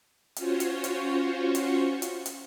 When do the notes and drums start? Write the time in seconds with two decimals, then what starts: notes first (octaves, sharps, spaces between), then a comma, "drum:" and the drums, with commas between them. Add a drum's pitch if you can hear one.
0.36 C#4 F4 F#4 C5 C#5, drum: hi-hat
0.60 drum: hi-hat
0.84 drum: hi-hat
1.55 drum: hi-hat
2.02 drum: hi-hat
2.26 drum: hi-hat